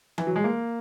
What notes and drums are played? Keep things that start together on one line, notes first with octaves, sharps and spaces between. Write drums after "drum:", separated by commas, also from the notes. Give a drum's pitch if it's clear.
E3, drum: tom E3
F#3
G#3
A#3